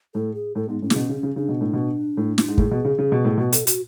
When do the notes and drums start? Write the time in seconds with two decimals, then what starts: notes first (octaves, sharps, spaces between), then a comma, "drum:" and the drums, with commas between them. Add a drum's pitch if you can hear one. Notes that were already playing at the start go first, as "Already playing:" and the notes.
0.14 A2 A4
0.34 G#4
0.55 A2 A4
0.69 G#2 B3
0.82 A2 C#4
0.90 C#3, drum: snare
0.96 B2 C#4
1.09 C#3
1.16 C#4
1.23 C#3
1.36 C#3 D4
1.49 B2
1.61 A2
1.73 B2
2.17 A2
2.38 drum: snare
2.48 G#2
2.58 A2 G#4, drum: kick
2.71 B2
2.85 C#3
2.99 C#3
3.12 B2
3.25 A2
3.38 B2 F#4
3.52 A4, drum: hi-hat
3.67 F#4, drum: hi-hat